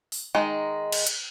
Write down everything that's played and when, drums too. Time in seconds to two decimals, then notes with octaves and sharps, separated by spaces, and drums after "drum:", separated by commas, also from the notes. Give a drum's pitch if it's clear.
0.12 drum: open hi-hat
0.35 D#3 G#3 D#4
0.92 drum: cymbal
1.07 drum: hi-hat